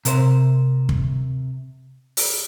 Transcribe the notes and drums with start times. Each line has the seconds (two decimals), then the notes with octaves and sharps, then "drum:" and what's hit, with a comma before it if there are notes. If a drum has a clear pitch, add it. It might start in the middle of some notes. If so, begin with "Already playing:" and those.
0.05 C3 A#4 C5, drum: hi-hat
0.89 drum: kick
2.17 drum: open hi-hat